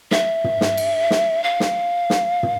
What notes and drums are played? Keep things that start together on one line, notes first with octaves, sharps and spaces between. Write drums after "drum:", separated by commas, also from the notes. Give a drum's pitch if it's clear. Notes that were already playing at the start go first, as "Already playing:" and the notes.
E5, drum: snare
drum: tom
drum: snare
drum: cymbal
drum: snare
F5
drum: snare
drum: snare
drum: tom